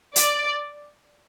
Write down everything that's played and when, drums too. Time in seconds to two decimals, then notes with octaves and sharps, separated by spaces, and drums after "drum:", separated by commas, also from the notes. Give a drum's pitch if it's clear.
0.16 D5, drum: hi-hat